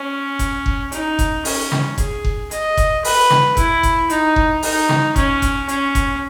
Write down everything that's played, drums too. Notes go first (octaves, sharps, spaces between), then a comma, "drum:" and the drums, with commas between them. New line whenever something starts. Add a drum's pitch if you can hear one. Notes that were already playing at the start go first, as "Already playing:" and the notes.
Already playing: C#4
drum: kick F#1, hi-hat
drum: kick F#1
D#4, drum: hi-hat
drum: kick F#1, hi-hat
C#4, drum: open hi-hat
drum: snare
G#4, drum: kick F#1, hi-hat
drum: kick F#1
D#5, drum: hi-hat
drum: kick F#1, hi-hat
B4, drum: open hi-hat
drum: snare
E4, drum: kick F#1, hi-hat
drum: kick F#1, hi-hat
D#4, drum: hi-hat
drum: kick F#1
D#4, drum: open hi-hat
drum: snare
C#4, drum: kick F#1, hi-hat
drum: kick F#1, hi-hat
C#4, drum: hi-hat
drum: kick F#1, hi-hat